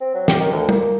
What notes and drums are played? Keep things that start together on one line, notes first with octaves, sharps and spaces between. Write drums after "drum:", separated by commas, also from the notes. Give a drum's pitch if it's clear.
C4
F#3
G4, drum: snare
D#3
D2
A#3, drum: tom